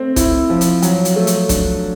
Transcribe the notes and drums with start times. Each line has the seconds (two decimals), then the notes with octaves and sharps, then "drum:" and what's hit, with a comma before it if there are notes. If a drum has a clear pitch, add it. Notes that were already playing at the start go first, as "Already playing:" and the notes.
Already playing: A3 C4
0.16 E4, drum: kick, hi-hat
0.50 F3
0.61 drum: hi-hat
0.82 F#3, drum: hi-hat
1.05 drum: hi-hat
1.16 A3
1.27 drum: hi-hat
1.49 D4, drum: kick, hi-hat